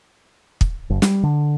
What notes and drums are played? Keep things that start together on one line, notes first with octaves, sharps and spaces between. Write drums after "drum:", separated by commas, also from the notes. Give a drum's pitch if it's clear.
drum: kick
F#1
G3, drum: snare
D3